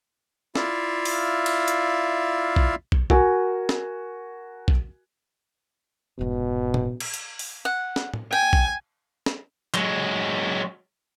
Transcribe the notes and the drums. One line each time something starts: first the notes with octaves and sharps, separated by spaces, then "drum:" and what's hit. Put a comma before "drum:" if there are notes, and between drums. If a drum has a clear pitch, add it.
E4 F4 D5 E5 F5, drum: snare
drum: open hi-hat
drum: cymbal
drum: hi-hat
drum: kick
drum: kick
F#4 A#4 G#5, drum: kick
drum: snare
drum: kick
F1 G#2 B2
drum: tom A#2
drum: cymbal
drum: hi-hat
drum: open hi-hat
F#5
drum: snare
drum: tom A2
G5 G#5
drum: kick
drum: snare
F#3 G#3, drum: clap